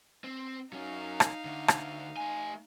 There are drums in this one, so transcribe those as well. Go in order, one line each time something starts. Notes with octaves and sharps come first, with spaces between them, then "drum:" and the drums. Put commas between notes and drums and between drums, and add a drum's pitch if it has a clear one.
C4
F#3 C#4 D#4 F5
drum: rim click
D2 D3
drum: rim click
A3 G#5